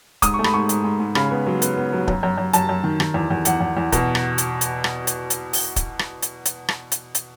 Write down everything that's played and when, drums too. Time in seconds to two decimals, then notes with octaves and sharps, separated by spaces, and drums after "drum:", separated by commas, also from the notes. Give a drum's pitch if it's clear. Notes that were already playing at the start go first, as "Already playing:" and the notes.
0.22 G#2 D#6, drum: kick, hi-hat
0.34 C#6
0.39 A3
0.44 B5, drum: rim click
0.54 G#2 C#6
0.69 G#2, drum: hi-hat
0.84 G#2
1.00 G#2
1.15 C#3 B5, drum: rim click
1.31 B3
1.46 F#3
1.62 B3, drum: hi-hat
1.77 B3
1.93 F#3
2.08 F#2, drum: kick
2.23 F#2
2.38 F#2
2.53 F#2 A5, drum: hi-hat
2.69 F#2
2.84 D#3
3.00 D#3, drum: rim click
3.14 E2
3.30 E2
3.45 E2 F#5, drum: hi-hat
3.61 E2
3.77 E2
3.92 B2, drum: kick, hi-hat
4.15 drum: rim click
4.38 drum: hi-hat
4.61 drum: hi-hat
4.84 drum: rim click
5.07 drum: hi-hat
5.30 drum: hi-hat
5.53 drum: open hi-hat
5.76 drum: kick, hi-hat
5.99 drum: rim click
6.22 drum: hi-hat
6.45 drum: hi-hat
6.68 drum: rim click
6.92 drum: hi-hat
7.15 drum: hi-hat